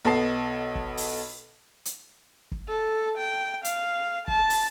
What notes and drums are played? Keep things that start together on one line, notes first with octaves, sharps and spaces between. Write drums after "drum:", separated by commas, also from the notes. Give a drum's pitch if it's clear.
B1 B3 A4 D#5 A5 C7
drum: kick
drum: open hi-hat
drum: hi-hat
drum: kick
A4
G5
F5, drum: hi-hat
A5, drum: kick
drum: open hi-hat